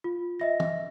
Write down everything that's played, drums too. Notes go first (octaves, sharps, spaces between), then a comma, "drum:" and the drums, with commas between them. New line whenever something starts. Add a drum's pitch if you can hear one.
F4
D#5 E5 A#6
drum: tom